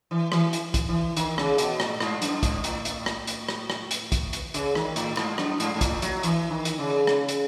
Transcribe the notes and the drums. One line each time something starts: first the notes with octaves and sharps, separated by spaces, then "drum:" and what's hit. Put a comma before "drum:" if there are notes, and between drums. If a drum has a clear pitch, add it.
E3
E3, drum: rim click
drum: hi-hat
drum: kick, hi-hat
E3
D#3, drum: hi-hat
C#3, drum: rim click
B2, drum: hi-hat
A2, drum: rim click
G#2, drum: rim click
F#2, drum: hi-hat
G#2, drum: kick, hi-hat
A2, drum: hi-hat
drum: hi-hat
drum: rim click
drum: hi-hat
drum: rim click
drum: rim click
drum: hi-hat
drum: kick, hi-hat
drum: hi-hat
C#3, drum: hi-hat
D#3, drum: rim click
A2, drum: hi-hat
G#2, drum: rim click
F#2, drum: rim click
G#2, drum: hi-hat
G#2
A2, drum: kick, hi-hat
F#3, drum: hi-hat
E3, drum: hi-hat
D#3
drum: hi-hat
C#3
drum: rim click
drum: hi-hat